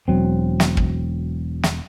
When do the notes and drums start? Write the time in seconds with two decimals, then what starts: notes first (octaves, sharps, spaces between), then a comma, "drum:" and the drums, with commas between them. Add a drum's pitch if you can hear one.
0.08 E1 F#3 C4
0.60 drum: snare
0.77 drum: kick
1.63 drum: snare